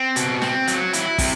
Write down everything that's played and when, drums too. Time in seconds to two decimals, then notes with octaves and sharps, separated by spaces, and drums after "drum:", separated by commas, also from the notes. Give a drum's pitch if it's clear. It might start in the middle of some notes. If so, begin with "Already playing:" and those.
Already playing: C4
0.16 B2, drum: hi-hat
0.42 C4, drum: snare
0.67 F#3, drum: hi-hat
0.93 E4, drum: hi-hat
1.18 C3, drum: kick, open hi-hat